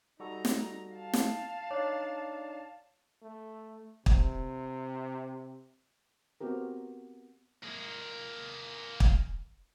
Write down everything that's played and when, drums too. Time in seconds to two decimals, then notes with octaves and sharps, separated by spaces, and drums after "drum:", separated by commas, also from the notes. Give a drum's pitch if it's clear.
0.20 G3 D#4 F#4 A4 A#5
0.45 drum: snare
0.95 F5 A5
1.13 drum: snare
1.71 D4 D#4 C#5 D5
3.23 A3
4.06 C3, drum: kick
6.41 B3 C4 F#4 G4 A#4
7.63 A#3 G#4
9.00 drum: kick